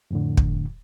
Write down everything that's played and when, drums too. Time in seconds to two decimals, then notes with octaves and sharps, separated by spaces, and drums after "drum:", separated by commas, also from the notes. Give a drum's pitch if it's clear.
0.11 F2 A2 D3
0.37 drum: kick